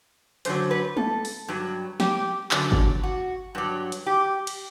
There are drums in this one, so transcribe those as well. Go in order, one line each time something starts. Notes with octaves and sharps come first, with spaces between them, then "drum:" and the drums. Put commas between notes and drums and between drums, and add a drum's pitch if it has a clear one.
F#2 D3 F#3 C5, drum: hi-hat
B4
A4, drum: tom
drum: open hi-hat
G2 F#3
G4, drum: snare
F#2 D3 F#3, drum: clap
drum: kick G1
F#4
G2 F#3
drum: hi-hat
G4
drum: cymbal